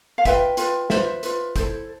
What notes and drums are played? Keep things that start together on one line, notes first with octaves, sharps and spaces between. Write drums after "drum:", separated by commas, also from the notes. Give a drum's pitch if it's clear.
F5
F4 B4 E5 G5, drum: kick, hi-hat
F4 B4, drum: hi-hat
F4 B4 C5 E5, drum: snare
F4 B4, drum: hi-hat
E4 A4 C5, drum: kick, hi-hat